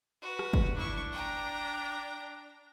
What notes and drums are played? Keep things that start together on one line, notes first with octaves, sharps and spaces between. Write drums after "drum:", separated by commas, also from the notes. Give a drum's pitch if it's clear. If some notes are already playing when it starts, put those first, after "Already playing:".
F#4 B4
drum: rim click
drum: kick
D4 E4 C#6
G5 A#5